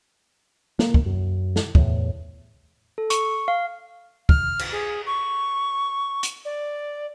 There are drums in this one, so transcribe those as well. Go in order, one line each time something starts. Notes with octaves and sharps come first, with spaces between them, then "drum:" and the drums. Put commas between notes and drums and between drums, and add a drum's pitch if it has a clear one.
A#3, drum: snare
drum: kick
F#2
drum: snare
E2 A2, drum: kick
A4
C#6, drum: hi-hat
F5
F6, drum: kick
drum: cymbal
G#4
C#6
drum: hi-hat
D5